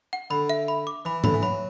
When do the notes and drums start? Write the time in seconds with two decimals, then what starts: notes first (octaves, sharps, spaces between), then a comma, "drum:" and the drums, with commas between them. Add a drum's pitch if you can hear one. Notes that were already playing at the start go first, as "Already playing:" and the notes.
0.13 F#5
0.30 D3 B5
0.49 E5
0.68 B5
0.87 D6
1.05 E3 B5
1.24 D3 B5, drum: tom G#2
1.34 E3
1.42 F#3 B5